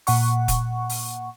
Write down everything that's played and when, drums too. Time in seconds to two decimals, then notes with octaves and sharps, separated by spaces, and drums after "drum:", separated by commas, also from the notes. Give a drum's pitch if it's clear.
0.07 A#2 F#5 C#6, drum: open hi-hat
0.48 drum: kick E1, hi-hat
0.89 drum: open hi-hat